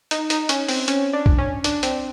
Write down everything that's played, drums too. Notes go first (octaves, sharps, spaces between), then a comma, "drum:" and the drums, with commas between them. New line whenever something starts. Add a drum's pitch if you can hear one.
D#4, drum: hi-hat
D#4, drum: hi-hat
C#4, drum: hi-hat
C4, drum: open hi-hat
C#4, drum: hi-hat
D4
drum: kick
C#4
D4, drum: hi-hat
C4, drum: hi-hat